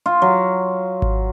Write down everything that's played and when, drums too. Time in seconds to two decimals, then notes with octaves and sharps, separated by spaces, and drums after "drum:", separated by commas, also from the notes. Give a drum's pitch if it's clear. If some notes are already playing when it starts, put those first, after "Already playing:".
0.06 F4
0.22 F#3
1.02 drum: kick G#1